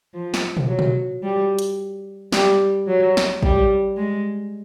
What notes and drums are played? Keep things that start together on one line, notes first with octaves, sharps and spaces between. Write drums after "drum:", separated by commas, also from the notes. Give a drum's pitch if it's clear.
F3
drum: snare
drum: tom
F#3
drum: tom
G3
drum: hi-hat
G3, drum: snare
F#3
drum: snare
G3, drum: kick A1
G#3